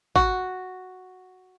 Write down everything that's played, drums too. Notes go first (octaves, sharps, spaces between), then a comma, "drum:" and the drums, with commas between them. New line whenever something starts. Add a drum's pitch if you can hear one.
F#4, drum: kick